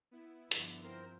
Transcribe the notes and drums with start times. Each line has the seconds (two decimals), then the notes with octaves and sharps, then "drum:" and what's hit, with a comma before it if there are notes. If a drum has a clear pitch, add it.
0.11 B3 E4
0.51 G2 D3 F3, drum: hi-hat
0.83 C4 A#4 C5